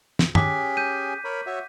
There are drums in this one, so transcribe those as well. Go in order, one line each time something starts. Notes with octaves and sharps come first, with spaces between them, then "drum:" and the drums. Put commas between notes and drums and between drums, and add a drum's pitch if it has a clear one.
drum: snare
C#4 G4 G#4 D6 F#6 B6, drum: tom F#2
G6 D#7
A#4 C#5 B5
F#4 C#5 E5